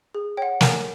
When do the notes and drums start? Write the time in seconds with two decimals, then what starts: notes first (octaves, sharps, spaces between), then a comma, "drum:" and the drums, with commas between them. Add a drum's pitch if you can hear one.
0.15 G#4
0.37 C#5 F#5 G5
0.61 A#4 G#5, drum: snare